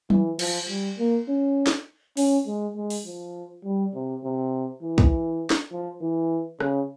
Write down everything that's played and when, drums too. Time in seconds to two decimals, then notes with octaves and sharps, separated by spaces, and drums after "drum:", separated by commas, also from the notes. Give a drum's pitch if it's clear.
0.10 E3, drum: tom
0.39 F3, drum: cymbal
0.69 G3
0.98 A#3
1.28 C#4
1.67 drum: snare
2.17 C#4, drum: open hi-hat
2.47 G#3
2.76 G#3
2.90 drum: open hi-hat
3.06 F3
3.64 G3
3.94 C3
4.24 C3
4.83 E3
4.98 drum: kick
5.50 drum: snare
5.72 F3
6.01 E3
6.60 C#3, drum: rim click